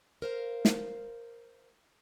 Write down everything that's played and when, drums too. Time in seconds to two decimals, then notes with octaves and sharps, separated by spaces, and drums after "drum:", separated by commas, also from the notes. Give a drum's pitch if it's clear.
0.22 A#4 C5 F5
0.65 drum: snare